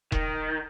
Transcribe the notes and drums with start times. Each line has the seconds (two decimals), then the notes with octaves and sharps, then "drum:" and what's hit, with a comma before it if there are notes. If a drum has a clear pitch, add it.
0.12 D#3, drum: kick E1